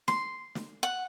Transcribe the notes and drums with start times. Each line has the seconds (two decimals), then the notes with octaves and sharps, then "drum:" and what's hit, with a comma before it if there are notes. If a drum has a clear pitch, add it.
0.08 C6, drum: snare
0.55 drum: snare
0.83 F#5